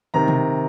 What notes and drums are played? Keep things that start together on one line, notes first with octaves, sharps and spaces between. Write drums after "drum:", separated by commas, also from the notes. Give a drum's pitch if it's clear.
C3 D#3 A#5
drum: tom